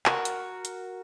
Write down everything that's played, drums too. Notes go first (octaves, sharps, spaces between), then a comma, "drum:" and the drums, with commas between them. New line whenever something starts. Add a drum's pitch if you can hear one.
F#4 A#4, drum: clap
drum: hi-hat
drum: hi-hat